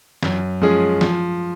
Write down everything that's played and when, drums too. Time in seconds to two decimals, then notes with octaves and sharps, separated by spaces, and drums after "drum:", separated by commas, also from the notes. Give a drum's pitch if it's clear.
0.23 F#2, drum: snare
0.62 F3 G#3 C#4 G#4
1.01 F3, drum: snare